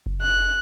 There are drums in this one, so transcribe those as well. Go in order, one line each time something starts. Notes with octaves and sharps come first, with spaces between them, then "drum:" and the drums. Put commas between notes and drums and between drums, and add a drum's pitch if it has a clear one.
drum: kick F#1
F#6